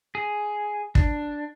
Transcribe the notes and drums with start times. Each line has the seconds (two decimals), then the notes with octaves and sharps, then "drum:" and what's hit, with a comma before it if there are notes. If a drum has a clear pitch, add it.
0.15 G#4
0.95 D4, drum: kick